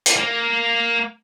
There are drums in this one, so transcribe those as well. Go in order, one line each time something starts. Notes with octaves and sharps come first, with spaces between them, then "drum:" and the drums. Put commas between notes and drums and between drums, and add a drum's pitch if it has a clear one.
drum: hi-hat
A#3